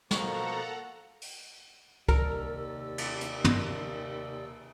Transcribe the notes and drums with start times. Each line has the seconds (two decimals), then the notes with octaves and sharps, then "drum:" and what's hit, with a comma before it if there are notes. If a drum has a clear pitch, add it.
0.11 B2 F3 A#3 A4 F#5 A#5 C#6, drum: snare
1.22 drum: open hi-hat
2.09 D#2 C3 A#4 D5 E6, drum: kick
2.98 drum: cymbal
3.21 drum: hi-hat
3.44 drum: tom